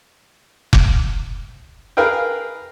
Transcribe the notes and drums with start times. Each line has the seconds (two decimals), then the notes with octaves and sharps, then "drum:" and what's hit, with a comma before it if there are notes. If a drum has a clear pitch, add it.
0.73 drum: kick F1
1.97 G#4 A#4 B4 F5 G5